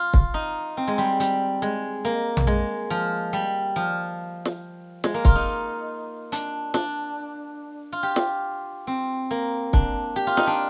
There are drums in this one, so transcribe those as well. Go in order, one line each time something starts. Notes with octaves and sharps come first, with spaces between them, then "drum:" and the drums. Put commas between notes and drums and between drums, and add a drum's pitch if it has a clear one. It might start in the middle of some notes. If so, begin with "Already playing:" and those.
Already playing: F4
drum: kick
D#4
C4
G#3
G3
G3, drum: hi-hat
G#3
A#3
drum: tom A#1
G#3
F3
G3
F3
drum: snare
G#3, drum: snare
A#3
F4, drum: kick
D#4
D4, drum: hi-hat
D4, drum: snare
F4
G4
drum: snare
C4
A#3
D4, drum: kick
G4
F4
D#4, drum: snare
D4